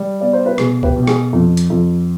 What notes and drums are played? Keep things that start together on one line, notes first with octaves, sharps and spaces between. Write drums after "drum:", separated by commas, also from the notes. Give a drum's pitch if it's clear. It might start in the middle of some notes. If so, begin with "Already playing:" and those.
Already playing: G3
B3 D5
C5
B4
B2 G#4, drum: rim click
G4 B4, drum: kick
B2
G4
G#4, drum: rim click
F2
drum: hi-hat
F2